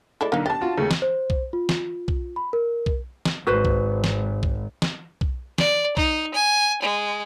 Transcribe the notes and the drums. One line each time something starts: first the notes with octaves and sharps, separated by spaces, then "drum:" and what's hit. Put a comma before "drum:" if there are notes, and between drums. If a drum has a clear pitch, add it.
G#3 E4 A4 D5
B1 D3 A#3 D#4
D4 G4 A5 A6
F4 F#4
D#2 C#3 G#3 A3
drum: snare
C5
drum: kick B1
F4
drum: snare
drum: kick B1
B5
A#4
drum: kick B1
drum: snare
G#1 F#4 B4 C5
drum: kick B1
drum: snare
drum: kick B1
drum: snare
drum: kick B1
D5, drum: snare
D#4, drum: kick B1
G#5
G#3